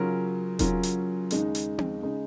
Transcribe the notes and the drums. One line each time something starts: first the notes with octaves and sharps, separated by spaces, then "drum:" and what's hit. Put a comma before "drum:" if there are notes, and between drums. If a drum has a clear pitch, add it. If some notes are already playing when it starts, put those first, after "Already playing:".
Already playing: C#3 F#3 C#4 F4 A#4
C#3 F#3 C#4 F4 A#4, drum: kick E1, hi-hat
drum: hi-hat
D#2 C#3 G#3 D#4, drum: hi-hat
drum: hi-hat
drum: tom C4
C#3 G#3 D#4